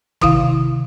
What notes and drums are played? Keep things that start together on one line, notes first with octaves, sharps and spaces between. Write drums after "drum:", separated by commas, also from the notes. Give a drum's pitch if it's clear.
C3 D#3 E4 F5, drum: kick